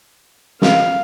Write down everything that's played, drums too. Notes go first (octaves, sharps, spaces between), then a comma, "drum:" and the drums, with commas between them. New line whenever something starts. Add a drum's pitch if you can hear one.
F5, drum: snare